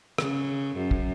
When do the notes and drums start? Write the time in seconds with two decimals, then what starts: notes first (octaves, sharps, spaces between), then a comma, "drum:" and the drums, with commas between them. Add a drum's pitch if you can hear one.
0.18 C#3, drum: rim click
0.77 F#2
0.91 drum: kick